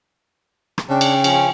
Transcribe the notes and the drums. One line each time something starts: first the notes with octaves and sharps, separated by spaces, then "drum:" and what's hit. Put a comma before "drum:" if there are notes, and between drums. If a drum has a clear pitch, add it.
drum: rim click
C#3 D4 G5
drum: cymbal
F3 C#4, drum: cymbal